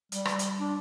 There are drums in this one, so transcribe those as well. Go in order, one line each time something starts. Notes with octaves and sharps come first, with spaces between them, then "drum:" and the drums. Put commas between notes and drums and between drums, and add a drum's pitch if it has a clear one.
G3, drum: hi-hat
drum: rim click
drum: hi-hat
D4